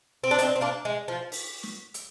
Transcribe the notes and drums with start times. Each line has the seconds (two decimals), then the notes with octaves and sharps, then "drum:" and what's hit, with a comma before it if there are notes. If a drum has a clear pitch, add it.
0.24 C4
0.31 D4
0.39 C4 D#4, drum: hi-hat
0.56 C4
0.61 A#3 D4
0.85 G#3
1.08 F3
1.32 drum: open hi-hat
1.63 drum: snare
1.94 drum: hi-hat